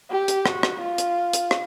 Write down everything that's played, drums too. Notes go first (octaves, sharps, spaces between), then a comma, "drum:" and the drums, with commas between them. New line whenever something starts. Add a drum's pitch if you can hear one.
G4
drum: hi-hat
F#4, drum: rim click
drum: rim click
F4
drum: hi-hat
drum: hi-hat
drum: rim click